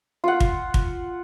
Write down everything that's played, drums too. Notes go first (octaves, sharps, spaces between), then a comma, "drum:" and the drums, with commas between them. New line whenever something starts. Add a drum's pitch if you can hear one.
F4 F#5
drum: kick
drum: kick